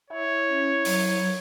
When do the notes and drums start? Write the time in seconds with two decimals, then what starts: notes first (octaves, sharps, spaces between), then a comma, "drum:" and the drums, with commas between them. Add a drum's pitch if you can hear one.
0.10 E4 C#5
0.48 C#4
0.85 F#3, drum: open hi-hat